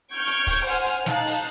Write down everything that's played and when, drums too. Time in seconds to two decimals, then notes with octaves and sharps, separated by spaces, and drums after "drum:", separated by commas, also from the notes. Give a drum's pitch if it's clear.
0.14 C#6 F6 G6 G#6 D7
0.27 drum: hi-hat
0.47 drum: kick, open hi-hat
0.66 C5 F#5 G#5 F6, drum: open hi-hat
0.86 drum: hi-hat
1.06 D#4 F5 A5 F#6, drum: snare
1.26 drum: open hi-hat